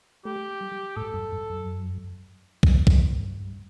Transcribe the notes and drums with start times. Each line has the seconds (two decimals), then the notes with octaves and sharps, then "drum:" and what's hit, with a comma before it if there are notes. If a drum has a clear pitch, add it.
0.25 A3 G4
0.61 G3
0.96 A2 A4
1.14 G2
1.32 G2
1.50 F#2
2.63 drum: kick B1
2.87 drum: kick B1
3.10 G2